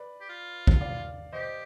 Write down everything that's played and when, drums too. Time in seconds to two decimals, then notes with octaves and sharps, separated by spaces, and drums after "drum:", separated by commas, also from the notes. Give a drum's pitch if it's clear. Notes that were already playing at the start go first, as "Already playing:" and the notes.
Already playing: B4 D5
0.21 G4
0.29 F4
0.67 drum: kick
0.81 D5 F5
1.33 G4 C5 D#5